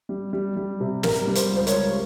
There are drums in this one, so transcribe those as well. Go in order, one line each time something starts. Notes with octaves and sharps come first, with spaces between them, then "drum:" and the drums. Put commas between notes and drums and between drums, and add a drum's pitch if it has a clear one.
G3
G3
G3
C3
G3 A#4, drum: snare
G3
C5, drum: hi-hat
C#2
C5
A#4 C#5, drum: hi-hat
C#2